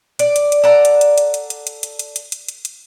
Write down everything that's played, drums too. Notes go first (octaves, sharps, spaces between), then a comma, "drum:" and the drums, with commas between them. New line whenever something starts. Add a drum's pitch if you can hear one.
D5, drum: hi-hat
drum: hi-hat
drum: hi-hat
A4 D5 F#5 A#5
drum: hi-hat
drum: hi-hat
drum: hi-hat
drum: hi-hat
drum: hi-hat
drum: hi-hat
drum: hi-hat
drum: hi-hat
drum: hi-hat
drum: hi-hat
drum: hi-hat
drum: hi-hat